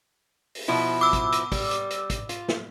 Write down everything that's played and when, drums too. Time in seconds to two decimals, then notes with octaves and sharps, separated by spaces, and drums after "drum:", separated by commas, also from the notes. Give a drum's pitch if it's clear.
0.55 drum: open hi-hat
0.68 B2 F3 E4
1.01 D6 E6
1.13 drum: kick, hi-hat
1.32 drum: hi-hat
1.52 G3, drum: kick, open hi-hat
1.71 drum: hi-hat
1.90 drum: hi-hat
2.10 drum: kick, hi-hat
2.29 F4, drum: hi-hat
2.48 drum: snare